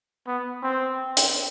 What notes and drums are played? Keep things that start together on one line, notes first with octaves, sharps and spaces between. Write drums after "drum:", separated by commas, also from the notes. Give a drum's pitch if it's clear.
B3
C4
drum: hi-hat